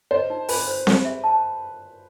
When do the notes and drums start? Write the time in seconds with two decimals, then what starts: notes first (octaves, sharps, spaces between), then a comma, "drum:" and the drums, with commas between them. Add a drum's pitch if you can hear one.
0.11 C5 D#5
0.30 D#4
0.49 B4 G#5, drum: open hi-hat
0.67 C5
0.87 G#4, drum: snare C4
1.05 E5
1.24 A5